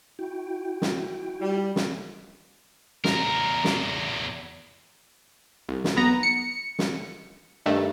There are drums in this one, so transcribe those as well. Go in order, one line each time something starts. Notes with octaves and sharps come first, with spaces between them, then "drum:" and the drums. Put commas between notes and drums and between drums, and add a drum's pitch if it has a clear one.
E4 F#4 G5
drum: snare
G3
drum: snare
E2 A#4, drum: snare
drum: snare
C2
drum: snare
B1 B3 A#5
C#7
drum: snare
G2 D#3 A3